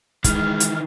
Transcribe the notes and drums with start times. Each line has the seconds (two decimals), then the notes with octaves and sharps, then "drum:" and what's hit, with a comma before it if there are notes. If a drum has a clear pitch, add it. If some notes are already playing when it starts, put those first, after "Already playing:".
0.24 D#3 E3 G#3 F6, drum: kick, hi-hat
0.60 drum: hi-hat